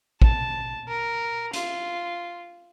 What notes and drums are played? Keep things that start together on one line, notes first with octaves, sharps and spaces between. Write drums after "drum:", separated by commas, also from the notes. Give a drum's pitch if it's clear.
A5, drum: kick A1
A#4
F4, drum: hi-hat